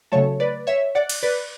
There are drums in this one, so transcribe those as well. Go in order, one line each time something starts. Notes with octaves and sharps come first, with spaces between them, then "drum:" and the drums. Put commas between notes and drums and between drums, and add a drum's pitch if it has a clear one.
C#3 F#3 A3 A4 C#5
B4 D5
C#5 E5
D5 F#5
drum: cymbal
B4 D5